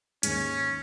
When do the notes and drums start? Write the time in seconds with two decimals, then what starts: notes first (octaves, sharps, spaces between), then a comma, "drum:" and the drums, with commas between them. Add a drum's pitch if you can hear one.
0.23 D#2 G#2 C#4, drum: hi-hat